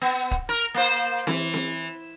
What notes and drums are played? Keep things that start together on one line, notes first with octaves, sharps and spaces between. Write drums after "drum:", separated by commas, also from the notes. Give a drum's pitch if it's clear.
B3
drum: kick
A#4
A#3 C5
E3, drum: snare C4
drum: snare C4